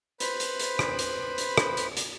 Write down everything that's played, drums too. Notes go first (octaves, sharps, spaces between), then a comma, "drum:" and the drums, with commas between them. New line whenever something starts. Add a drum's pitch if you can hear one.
B4 C5 B5, drum: hi-hat
drum: hi-hat
drum: hi-hat
drum: rim click
drum: hi-hat
drum: hi-hat
drum: rim click
drum: hi-hat
drum: hi-hat